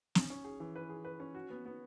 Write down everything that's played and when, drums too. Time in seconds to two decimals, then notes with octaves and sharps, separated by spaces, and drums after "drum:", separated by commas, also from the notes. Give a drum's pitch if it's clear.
0.15 C#4, drum: snare
0.30 C#4
0.44 G#4
0.60 E3
0.76 B4
0.89 G#4
1.05 B4
1.20 C#4
1.35 F#4
1.50 B3
1.65 B3